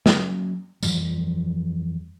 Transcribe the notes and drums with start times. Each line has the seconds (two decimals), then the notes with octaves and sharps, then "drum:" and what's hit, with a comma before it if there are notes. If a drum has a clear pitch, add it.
0.06 F#3 A#3 C#4, drum: snare
0.83 F2 E3 F3 G3, drum: tambourine